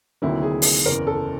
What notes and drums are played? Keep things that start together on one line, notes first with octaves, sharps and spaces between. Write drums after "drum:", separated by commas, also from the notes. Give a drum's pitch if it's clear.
D2 C3 D#3 F#3 A#3 E4
G#4
drum: open hi-hat
F#1 E2 C#3 A#4
A4